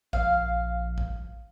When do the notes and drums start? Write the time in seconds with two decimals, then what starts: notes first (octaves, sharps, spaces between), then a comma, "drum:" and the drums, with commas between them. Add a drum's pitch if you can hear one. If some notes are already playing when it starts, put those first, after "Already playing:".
0.13 A#1 F5, drum: kick
0.98 drum: kick